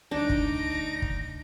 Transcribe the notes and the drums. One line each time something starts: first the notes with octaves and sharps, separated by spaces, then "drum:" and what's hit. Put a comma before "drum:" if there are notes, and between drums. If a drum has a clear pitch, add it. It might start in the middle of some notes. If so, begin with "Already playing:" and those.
D2 G3 A3 D4 D#4 A#6 D7
drum: kick
drum: kick